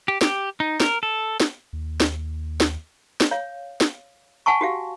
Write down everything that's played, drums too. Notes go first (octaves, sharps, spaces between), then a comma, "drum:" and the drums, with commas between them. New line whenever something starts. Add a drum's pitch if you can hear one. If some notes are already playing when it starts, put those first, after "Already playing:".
G4
G4, drum: snare
D#4
A#4, drum: snare
A4
drum: snare
D#2
drum: snare
drum: snare
drum: snare
C#5 F5
drum: snare
F#5 G#5 A5 C#6
F#4 G4 F5